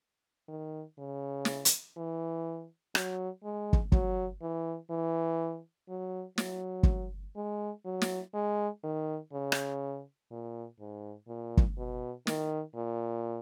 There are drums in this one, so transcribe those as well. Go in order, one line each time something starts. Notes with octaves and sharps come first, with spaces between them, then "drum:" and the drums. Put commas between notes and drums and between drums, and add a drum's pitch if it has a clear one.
D#3
C#3
drum: snare
drum: hi-hat
E3
F#3, drum: rim click
G#3
drum: kick
F#3, drum: kick
E3
E3
F#3
F#3, drum: snare
drum: kick
G#3
F#3
drum: snare
G#3
D#3
C#3
drum: rim click
A#2
G#2
A#2
drum: kick
B2
D#3, drum: snare
A#2